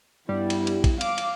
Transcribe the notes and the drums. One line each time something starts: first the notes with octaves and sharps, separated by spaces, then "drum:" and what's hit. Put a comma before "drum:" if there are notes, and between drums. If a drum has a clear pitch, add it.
G2 G3 B3 E4
drum: cymbal
drum: cymbal
drum: kick A#1, cymbal
F5 D6, drum: cymbal
drum: cymbal